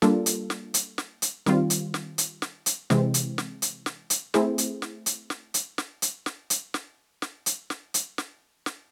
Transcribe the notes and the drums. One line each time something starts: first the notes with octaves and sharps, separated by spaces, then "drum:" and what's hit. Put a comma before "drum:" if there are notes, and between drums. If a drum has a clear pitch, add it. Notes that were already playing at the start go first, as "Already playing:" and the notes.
G3 A#3 D4 F4 A4, drum: snare
drum: hi-hat
drum: snare
drum: hi-hat
drum: snare
drum: hi-hat
D#3 G3 C4 F4, drum: snare
drum: hi-hat
drum: snare
drum: hi-hat
drum: snare
drum: hi-hat
C3 E3 G#3 C4, drum: snare
drum: hi-hat
drum: snare
drum: hi-hat
drum: snare
drum: hi-hat
A3 C4 E4 G#4 C5, drum: snare
drum: hi-hat
drum: snare
drum: hi-hat
drum: snare
drum: hi-hat
drum: snare
drum: hi-hat
drum: snare
drum: hi-hat
drum: snare
drum: snare
drum: hi-hat
drum: snare
drum: hi-hat
drum: snare
drum: snare